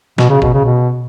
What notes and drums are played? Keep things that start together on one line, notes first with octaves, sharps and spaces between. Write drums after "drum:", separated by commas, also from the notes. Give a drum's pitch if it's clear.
B2, drum: snare
C#3
B2, drum: kick G#1
C#3
B2